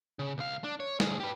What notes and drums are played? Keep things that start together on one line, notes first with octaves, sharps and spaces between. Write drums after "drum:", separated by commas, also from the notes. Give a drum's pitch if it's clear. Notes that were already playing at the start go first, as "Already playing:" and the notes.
C#3
C#2 F5
D4
C#5
D2 G#4, drum: snare
G4 B4